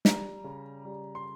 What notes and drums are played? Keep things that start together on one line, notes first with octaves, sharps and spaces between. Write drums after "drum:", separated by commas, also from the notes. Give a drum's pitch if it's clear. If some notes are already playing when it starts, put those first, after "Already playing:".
G3 A#5, drum: snare
C#3
G3
C6